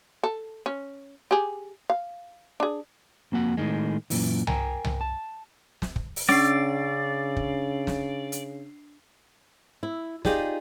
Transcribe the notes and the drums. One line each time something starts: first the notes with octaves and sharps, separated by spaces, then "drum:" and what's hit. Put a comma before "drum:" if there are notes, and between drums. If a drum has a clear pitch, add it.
A4
C#4
G4 G#4
F5
D4 G#4
F2 A#3 F#4 F#5
A2 D#3 G#3
F#2 A#2 E3, drum: open hi-hat
A#4 G5 G#5 A#5, drum: tom C2
drum: tom C2
A5
drum: snare
drum: kick
drum: open hi-hat
C#3 C#4 D4 D5 C7
drum: kick
drum: snare
drum: hi-hat
E4
D#4 F4 G4 G#4 D5, drum: snare